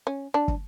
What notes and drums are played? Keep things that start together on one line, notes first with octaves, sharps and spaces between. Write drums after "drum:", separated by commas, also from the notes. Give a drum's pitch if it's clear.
C#4
D4
drum: kick